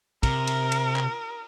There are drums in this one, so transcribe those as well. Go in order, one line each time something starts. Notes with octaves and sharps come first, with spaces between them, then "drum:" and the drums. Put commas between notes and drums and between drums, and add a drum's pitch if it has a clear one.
C3 A#4, drum: kick, cymbal
drum: cymbal
drum: cymbal
drum: clap